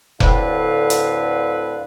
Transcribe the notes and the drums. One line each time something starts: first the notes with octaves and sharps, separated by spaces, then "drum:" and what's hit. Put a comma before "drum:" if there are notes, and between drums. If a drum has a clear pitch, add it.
D2 A2 D3 C4 B4 F5, drum: kick F1
drum: hi-hat